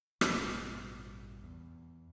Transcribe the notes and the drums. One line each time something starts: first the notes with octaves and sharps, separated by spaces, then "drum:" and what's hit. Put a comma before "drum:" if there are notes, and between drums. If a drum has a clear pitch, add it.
A1 G2 B2 B3, drum: rim click
E2